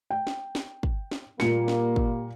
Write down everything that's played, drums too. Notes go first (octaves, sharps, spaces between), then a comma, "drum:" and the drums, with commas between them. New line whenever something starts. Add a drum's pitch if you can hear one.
G5
drum: snare
drum: snare
drum: kick
drum: snare
A#2 G3 A#3 C#7, drum: snare
drum: snare
drum: kick